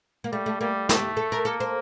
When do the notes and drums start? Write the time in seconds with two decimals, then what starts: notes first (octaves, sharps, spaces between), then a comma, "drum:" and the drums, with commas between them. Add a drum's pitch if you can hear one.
0.24 A#3
0.32 G3 A3
0.46 A3
0.61 G3 A#3
0.89 A3 G4, drum: snare
1.17 A4
1.32 A#4
1.45 A#3 A4
1.60 C5